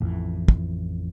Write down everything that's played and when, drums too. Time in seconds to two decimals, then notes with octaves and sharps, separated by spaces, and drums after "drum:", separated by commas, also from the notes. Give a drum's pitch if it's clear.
0.01 A1 F2 E3
0.48 drum: kick